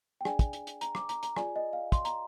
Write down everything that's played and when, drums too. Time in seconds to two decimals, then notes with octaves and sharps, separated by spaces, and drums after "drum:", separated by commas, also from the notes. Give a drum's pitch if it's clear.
0.21 G5
0.25 D4 G#4 D5 G#5, drum: rim click
0.39 drum: kick, hi-hat
0.53 drum: hi-hat
0.67 drum: hi-hat
0.81 A#5, drum: hi-hat
0.95 D6, drum: rim click
1.09 A#5, drum: hi-hat
1.23 A#5, drum: hi-hat
1.36 F4 G#4 D5 G#5, drum: rim click
1.56 D#5
1.73 F5
1.92 C6, drum: kick, hi-hat
2.05 A#5, drum: hi-hat